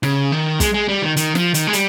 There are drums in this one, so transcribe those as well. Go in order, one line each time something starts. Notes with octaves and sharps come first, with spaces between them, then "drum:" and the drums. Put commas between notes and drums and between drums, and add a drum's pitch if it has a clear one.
C#3, drum: snare
D#3
G#3, drum: kick, hi-hat
G#3
G3
D#3
D#3, drum: hi-hat
F3, drum: snare
D#3, drum: hi-hat
G#3
G3, drum: hi-hat